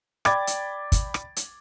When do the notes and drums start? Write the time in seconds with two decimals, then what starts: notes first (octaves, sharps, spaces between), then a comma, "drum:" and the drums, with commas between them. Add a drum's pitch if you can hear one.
0.25 D5 G5 B5 D6 G#6 A6, drum: rim click
0.47 drum: hi-hat
0.92 drum: kick, hi-hat
1.14 drum: rim click
1.36 drum: hi-hat